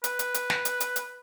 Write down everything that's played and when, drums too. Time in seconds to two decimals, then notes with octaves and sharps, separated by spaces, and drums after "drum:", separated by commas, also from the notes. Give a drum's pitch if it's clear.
0.04 B4, drum: hi-hat
0.19 drum: hi-hat
0.34 drum: hi-hat
0.50 drum: snare
0.65 drum: hi-hat
0.80 drum: hi-hat
0.96 drum: hi-hat